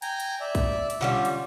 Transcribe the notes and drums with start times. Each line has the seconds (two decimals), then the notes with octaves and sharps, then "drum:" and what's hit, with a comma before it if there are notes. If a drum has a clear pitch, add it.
0.02 G5 G#5 A#5, drum: hi-hat
0.20 drum: hi-hat
0.40 D5 E5
0.55 drum: kick A#1, hi-hat
0.90 drum: hi-hat
1.01 D3 F3 G3 C#4 F4
1.25 drum: hi-hat